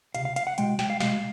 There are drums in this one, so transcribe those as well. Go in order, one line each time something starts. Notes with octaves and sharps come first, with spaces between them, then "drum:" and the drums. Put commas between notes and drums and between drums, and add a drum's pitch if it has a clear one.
C#2 C3 F5, drum: hi-hat
F5
F5, drum: hi-hat
F#5
C2 B2 G#3 G5, drum: hi-hat
G5, drum: snare
F5
C2 B2 G#3 F5, drum: snare